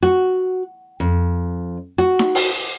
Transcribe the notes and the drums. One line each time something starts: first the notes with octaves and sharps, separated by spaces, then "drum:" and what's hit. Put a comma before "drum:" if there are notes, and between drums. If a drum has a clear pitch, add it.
F#4
F2
F#4
drum: snare D#4
drum: open hi-hat